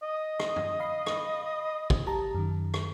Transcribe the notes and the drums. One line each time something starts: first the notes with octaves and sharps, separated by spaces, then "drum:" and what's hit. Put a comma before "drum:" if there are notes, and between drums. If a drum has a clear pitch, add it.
D#5
drum: rim click
drum: tom
F5 B5 C7
drum: rim click
drum: kick
G4 A5 A#5
F#2 D#3
drum: rim click